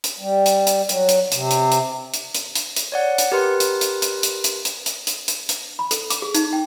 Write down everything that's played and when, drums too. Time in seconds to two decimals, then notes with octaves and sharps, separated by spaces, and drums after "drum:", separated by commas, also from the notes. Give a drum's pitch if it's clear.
0.04 drum: hi-hat
0.20 G3
0.46 drum: hi-hat
0.67 drum: hi-hat
0.89 F#3, drum: hi-hat
1.09 drum: hi-hat
1.32 C3, drum: hi-hat
1.51 drum: hi-hat
1.72 drum: hi-hat
2.14 drum: hi-hat
2.35 drum: hi-hat
2.55 drum: hi-hat
2.76 drum: hi-hat
2.92 C#5 D5 F#5
3.18 drum: hi-hat
3.32 G4 A#4 B4 C6
3.60 drum: hi-hat
3.81 drum: hi-hat
4.02 drum: hi-hat
4.23 drum: hi-hat
4.44 drum: hi-hat
4.65 drum: hi-hat
4.86 drum: hi-hat
5.07 drum: hi-hat
5.28 drum: hi-hat
5.49 drum: hi-hat
5.79 B5
5.91 A4, drum: hi-hat
6.10 D6, drum: hi-hat
6.22 G#4
6.35 D#4, drum: hi-hat
6.53 G5